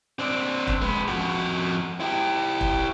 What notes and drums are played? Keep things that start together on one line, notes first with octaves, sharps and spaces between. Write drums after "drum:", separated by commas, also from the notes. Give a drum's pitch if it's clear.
C4 D4
drum: kick
G#3 B4
F2 F#4
E4 G4
drum: kick